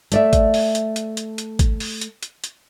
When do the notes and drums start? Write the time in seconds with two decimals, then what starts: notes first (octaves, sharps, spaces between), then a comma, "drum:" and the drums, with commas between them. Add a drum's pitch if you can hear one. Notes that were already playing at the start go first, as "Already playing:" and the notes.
0.12 A3 D5 E5, drum: hi-hat
0.33 drum: kick, hi-hat
0.54 drum: open hi-hat
0.75 drum: hi-hat
0.96 drum: hi-hat
1.17 drum: hi-hat
1.38 drum: hi-hat
1.59 drum: kick, hi-hat
1.80 drum: open hi-hat
2.01 drum: hi-hat
2.23 drum: hi-hat
2.44 drum: hi-hat